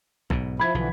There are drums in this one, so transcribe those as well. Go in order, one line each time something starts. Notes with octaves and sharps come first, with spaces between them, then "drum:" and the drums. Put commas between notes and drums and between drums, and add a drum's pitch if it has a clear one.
B1 G#2 B2, drum: kick B1
F3 E4 B5 G#6
B1 D3 E3 F3